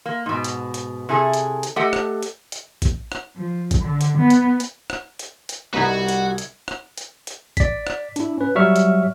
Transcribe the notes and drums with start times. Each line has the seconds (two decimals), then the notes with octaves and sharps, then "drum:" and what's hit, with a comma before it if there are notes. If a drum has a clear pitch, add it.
0.06 A#3
0.26 G#2 B2
0.44 drum: hi-hat
0.74 drum: hi-hat
1.09 C3 E4 G#4 A4
1.33 drum: hi-hat
1.63 drum: hi-hat
1.76 A3 G4 A4 D#5 F#5
1.93 drum: rim click
2.23 drum: hi-hat
2.52 drum: hi-hat
2.82 drum: kick A1, hi-hat
3.12 drum: rim click
3.36 F3
3.71 drum: kick A1, hi-hat
3.80 D3
4.01 drum: hi-hat
4.17 B3
4.30 drum: hi-hat
4.60 drum: hi-hat
4.90 drum: rim click
5.19 drum: hi-hat
5.49 drum: hi-hat
5.74 C2 G3 D#4 F#4 B4 F#5 G#6
6.08 drum: hi-hat
6.38 drum: hi-hat
6.68 drum: rim click
6.98 drum: hi-hat
7.27 drum: hi-hat
7.57 D5 B6, drum: kick A1, hi-hat
7.87 drum: rim click
8.16 D4 E4, drum: hi-hat
8.38 C#4 B4
8.55 F#3 G3 E5 C#6 F6
8.76 drum: hi-hat